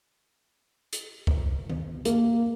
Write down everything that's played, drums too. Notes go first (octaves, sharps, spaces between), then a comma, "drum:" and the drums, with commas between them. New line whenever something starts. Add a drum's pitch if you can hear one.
drum: hi-hat
drum: kick
drum: tom D#3
A#3, drum: hi-hat